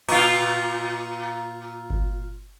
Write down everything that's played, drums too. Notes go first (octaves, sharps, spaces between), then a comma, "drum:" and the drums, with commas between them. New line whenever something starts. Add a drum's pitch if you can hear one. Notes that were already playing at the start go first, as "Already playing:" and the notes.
A#2 F4, drum: cymbal
drum: kick G1